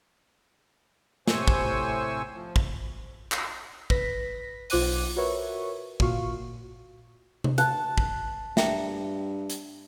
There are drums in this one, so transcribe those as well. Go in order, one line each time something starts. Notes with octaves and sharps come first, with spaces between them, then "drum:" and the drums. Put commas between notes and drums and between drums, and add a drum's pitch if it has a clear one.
A2 C3 C5 G#5 C#6 E6, drum: snare
drum: kick
F3
drum: kick
drum: clap
B4 A#6 B6, drum: kick
B1 F4 C5 D6 F#6 D#7, drum: open hi-hat
F#4 A#4 B4 C#5 E5 C#6
A#2 F4 F#4 F5 C#6, drum: kick
drum: tom C3
A5 F#6, drum: hi-hat
drum: kick
G2 E5 G5 A#5, drum: snare
drum: hi-hat